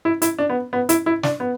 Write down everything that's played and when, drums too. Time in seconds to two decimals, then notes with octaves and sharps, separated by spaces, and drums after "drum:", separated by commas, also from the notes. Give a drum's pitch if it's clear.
0.05 E4
0.22 E4, drum: hi-hat
0.39 D4
0.50 B3
0.73 B3
0.89 E4, drum: hi-hat
1.06 E4
1.23 D4, drum: snare
1.40 B3